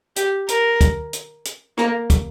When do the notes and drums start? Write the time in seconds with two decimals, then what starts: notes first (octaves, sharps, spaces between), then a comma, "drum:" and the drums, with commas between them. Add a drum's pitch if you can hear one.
0.16 G4, drum: hi-hat
0.48 A#4, drum: hi-hat
0.81 drum: kick, hi-hat
1.13 drum: hi-hat
1.45 drum: hi-hat
1.78 A#3, drum: rim click
2.10 drum: kick, hi-hat